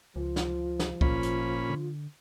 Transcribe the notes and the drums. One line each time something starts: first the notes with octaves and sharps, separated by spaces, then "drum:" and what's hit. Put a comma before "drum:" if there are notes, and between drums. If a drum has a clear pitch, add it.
C#2 F3 F4
drum: snare
drum: snare
G#1 A#2 C#4 F4 B5, drum: kick C2
drum: hi-hat
D3